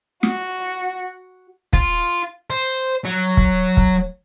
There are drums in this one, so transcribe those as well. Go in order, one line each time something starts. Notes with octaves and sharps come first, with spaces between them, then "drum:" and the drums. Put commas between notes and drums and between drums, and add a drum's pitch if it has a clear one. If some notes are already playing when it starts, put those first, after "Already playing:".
F#4, drum: snare
F4, drum: kick
C5
F#3
drum: kick
drum: kick